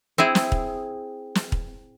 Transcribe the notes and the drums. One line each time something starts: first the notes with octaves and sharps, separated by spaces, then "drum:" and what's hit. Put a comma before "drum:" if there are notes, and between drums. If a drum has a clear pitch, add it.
C4 E4 G#4
drum: snare
drum: kick
drum: snare
drum: kick